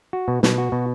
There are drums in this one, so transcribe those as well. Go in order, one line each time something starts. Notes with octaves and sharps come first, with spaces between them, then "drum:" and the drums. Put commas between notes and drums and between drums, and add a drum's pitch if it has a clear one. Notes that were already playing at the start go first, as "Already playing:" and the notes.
F#4
B2
B2, drum: snare
F#4
B2